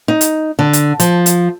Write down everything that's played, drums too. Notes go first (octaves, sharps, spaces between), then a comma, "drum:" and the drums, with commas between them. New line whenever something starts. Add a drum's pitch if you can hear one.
D#4
drum: hi-hat
D3
drum: hi-hat
F3, drum: hi-hat
drum: hi-hat